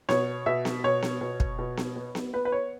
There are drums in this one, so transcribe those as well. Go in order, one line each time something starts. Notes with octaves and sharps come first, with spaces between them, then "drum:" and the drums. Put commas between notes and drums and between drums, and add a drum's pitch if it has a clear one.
B2 C#5, drum: snare B3
B2 E5
drum: snare B3
B2 C#5
drum: snare B3
B2
drum: kick
B2
drum: snare B3
B3
drum: snare B3
B3 B4
B4
C#5